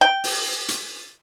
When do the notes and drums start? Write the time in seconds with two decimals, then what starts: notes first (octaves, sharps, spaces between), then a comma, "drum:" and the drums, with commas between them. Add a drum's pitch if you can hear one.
0.01 G5
0.24 drum: open hi-hat
0.68 drum: hi-hat